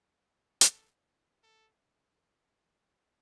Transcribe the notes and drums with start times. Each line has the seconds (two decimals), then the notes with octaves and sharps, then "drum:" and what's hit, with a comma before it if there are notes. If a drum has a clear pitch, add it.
0.61 A4, drum: hi-hat
1.43 A4